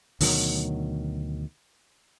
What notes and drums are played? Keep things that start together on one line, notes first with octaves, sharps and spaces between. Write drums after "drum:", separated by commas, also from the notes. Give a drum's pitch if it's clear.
D2 B2 D#3 F#3, drum: open hi-hat